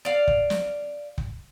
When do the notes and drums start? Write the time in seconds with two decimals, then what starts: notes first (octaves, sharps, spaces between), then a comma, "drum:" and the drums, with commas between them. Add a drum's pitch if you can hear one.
0.05 D5 F5
0.27 drum: kick
0.50 drum: snare
1.18 drum: kick